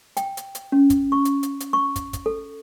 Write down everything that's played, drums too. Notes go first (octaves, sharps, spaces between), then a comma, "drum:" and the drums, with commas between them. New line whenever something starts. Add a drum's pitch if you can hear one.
G5, drum: hi-hat
drum: hi-hat
drum: hi-hat
C#4
drum: kick, hi-hat
C#6
drum: hi-hat
drum: hi-hat
drum: hi-hat
C#6
drum: kick, hi-hat
drum: kick, hi-hat
A4